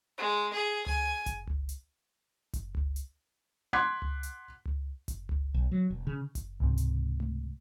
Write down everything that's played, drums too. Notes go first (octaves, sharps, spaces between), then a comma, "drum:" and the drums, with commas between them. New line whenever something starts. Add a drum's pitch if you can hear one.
G#3
G#4
G#5, drum: tom C#2
drum: kick F#1, hi-hat
drum: tom C#2
drum: hi-hat
drum: kick F#1, hi-hat
drum: tom C#2
drum: hi-hat
F#5 C6 D6 F#6 G#6 B6
drum: tom C#2
drum: hi-hat
drum: tom C#2
drum: kick F#1, hi-hat
drum: tom C#2
B1
F#3
E1
C#3
drum: kick F#1, hi-hat
C#2 G#2 C3
drum: hi-hat
drum: tom A3